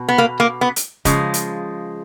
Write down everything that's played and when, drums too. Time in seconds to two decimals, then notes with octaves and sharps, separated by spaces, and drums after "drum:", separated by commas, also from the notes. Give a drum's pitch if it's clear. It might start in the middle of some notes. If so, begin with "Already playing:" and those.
Already playing: B2
0.09 B3
0.18 A#3
0.40 A#3
0.61 B3
0.76 drum: hi-hat
1.05 C#3 F3 G#3, drum: kick, hi-hat
1.34 drum: hi-hat